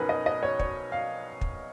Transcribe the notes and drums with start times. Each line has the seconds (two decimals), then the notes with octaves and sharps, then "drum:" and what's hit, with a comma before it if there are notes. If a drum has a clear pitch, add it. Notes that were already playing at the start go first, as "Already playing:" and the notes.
Already playing: B1 B2 C#4 D#4 A#4 B4
0.09 D#5
0.26 D#5
0.43 C#5
0.59 C#5, drum: kick
0.92 F5
1.41 drum: kick